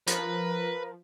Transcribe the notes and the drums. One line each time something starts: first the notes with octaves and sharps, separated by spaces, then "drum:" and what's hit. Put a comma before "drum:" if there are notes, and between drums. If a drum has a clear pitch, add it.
F3 A#4 B4, drum: hi-hat